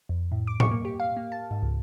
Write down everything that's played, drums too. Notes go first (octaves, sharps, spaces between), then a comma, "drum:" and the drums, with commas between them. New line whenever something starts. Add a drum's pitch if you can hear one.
F2
A2
D6
C#6, drum: tom A2
A#3
G4
F5
A#3
A5
G#2
C#2